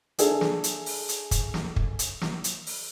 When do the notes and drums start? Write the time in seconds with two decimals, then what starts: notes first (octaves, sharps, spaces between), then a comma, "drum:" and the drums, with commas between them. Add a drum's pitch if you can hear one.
0.18 D4 G#4 A4 E5, drum: hi-hat
0.41 drum: snare
0.64 drum: hi-hat
0.86 drum: open hi-hat
1.09 drum: hi-hat
1.31 drum: kick, hi-hat
1.54 drum: snare
1.76 drum: kick
1.99 drum: hi-hat
2.21 drum: snare
2.44 drum: hi-hat
2.67 drum: open hi-hat